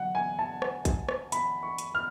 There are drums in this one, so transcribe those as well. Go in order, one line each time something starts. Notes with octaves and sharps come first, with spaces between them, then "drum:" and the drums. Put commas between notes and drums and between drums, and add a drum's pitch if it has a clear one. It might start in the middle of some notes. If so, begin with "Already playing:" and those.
Already playing: D3 F#3 F#5
G#5
A5
drum: rim click
drum: kick A#1, hi-hat
drum: rim click
B5, drum: hi-hat
C#6
drum: hi-hat
F6